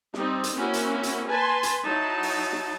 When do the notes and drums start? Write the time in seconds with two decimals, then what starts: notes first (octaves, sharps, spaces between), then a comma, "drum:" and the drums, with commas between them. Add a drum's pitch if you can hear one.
0.14 G3 C4 D#4, drum: snare
0.44 drum: hi-hat
0.57 A#3 C4 C#4 E4 F#4
0.73 drum: hi-hat
1.03 drum: hi-hat
1.27 B4 G#5 A5 C6
1.63 drum: hi-hat
1.87 F#3 D#4 E4 A5
2.23 drum: open hi-hat
2.53 drum: snare